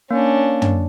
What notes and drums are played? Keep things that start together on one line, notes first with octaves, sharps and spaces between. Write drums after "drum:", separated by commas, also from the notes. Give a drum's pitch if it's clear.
A#3 C#4 D4
drum: tom